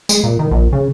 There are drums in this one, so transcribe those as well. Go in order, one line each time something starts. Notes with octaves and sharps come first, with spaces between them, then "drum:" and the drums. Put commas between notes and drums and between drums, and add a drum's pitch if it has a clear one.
G#3, drum: tambourine
A#2
D#3
A#1
C#3